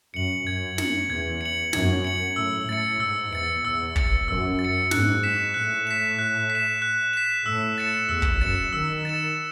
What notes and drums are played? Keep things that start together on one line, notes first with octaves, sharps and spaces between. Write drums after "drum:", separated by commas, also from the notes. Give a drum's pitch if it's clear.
F#2 C#7 F#7
F#2 G#6
C#7 F#7, drum: snare
E2 G#6
C#7 F#7
F#2 G#6, drum: snare
C#7 F#7
A2 E6
A2 A6 C#7
G#2 E6
E2 A6 C#7
E2 E6
A6 C#7, drum: kick
F#2 E6
A6
C#7
G#2 F#6, drum: snare
B6 E7
A2 F#6
B6 E7
F#6
B6
E7
F#6
B6 E7
A2 E6
A6 C#7 E7
E2 E6
drum: kick
F#2 A6 C#7 E7
D#3 E6
A6 C#7 E7